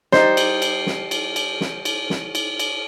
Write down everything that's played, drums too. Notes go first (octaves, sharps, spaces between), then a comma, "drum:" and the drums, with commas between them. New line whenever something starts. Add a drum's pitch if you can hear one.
G3 D#4 C5, drum: snare
drum: cymbal
drum: cymbal
drum: snare
drum: cymbal
drum: cymbal
drum: snare
drum: cymbal
drum: snare
drum: cymbal
drum: cymbal